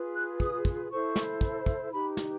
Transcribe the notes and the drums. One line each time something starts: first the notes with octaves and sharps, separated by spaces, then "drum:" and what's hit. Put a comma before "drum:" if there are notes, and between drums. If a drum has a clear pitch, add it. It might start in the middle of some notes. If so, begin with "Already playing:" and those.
Already playing: F4 G#4 B4
F#6
D#6, drum: kick
drum: kick
E4 A4 C5 C#6
drum: snare
drum: kick
drum: kick
D#4 G4 B4 B5
drum: snare